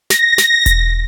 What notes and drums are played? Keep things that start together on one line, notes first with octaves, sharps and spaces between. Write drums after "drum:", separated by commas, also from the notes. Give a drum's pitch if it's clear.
A#6, drum: snare
drum: snare
drum: kick E1, hi-hat